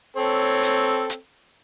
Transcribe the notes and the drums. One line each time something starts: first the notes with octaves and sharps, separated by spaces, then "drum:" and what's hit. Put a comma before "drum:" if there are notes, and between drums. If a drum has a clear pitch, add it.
C4 A4 C#5
drum: hi-hat
drum: hi-hat